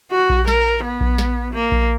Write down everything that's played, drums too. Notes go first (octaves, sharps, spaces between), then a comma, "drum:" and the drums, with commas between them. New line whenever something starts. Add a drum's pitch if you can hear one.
F#4
drum: kick A#1
A#4, drum: snare
B3
drum: kick A#1
drum: snare
A#3
drum: kick A#1